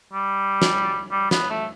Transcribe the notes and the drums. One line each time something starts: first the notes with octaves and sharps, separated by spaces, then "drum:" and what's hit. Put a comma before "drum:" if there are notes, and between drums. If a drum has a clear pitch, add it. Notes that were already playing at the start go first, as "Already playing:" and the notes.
G3
drum: snare
G3
B3, drum: snare
A3